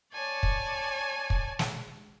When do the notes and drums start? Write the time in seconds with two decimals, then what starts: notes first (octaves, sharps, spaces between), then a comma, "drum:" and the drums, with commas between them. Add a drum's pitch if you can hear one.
0.14 C#5 D5 G#5 A5
0.43 drum: kick
1.30 drum: kick
1.59 drum: snare